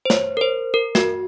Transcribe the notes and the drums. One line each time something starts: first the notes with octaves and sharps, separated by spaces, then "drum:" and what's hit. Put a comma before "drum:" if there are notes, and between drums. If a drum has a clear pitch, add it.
C5
C#5, drum: snare
A#4
C5
A#4
F#4, drum: snare